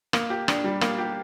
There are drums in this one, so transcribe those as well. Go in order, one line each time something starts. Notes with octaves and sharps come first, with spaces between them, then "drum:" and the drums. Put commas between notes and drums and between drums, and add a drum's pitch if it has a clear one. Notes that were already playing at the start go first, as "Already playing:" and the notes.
A#3, drum: rim click
G4
D4, drum: rim click
G3
A#3, drum: rim click
G4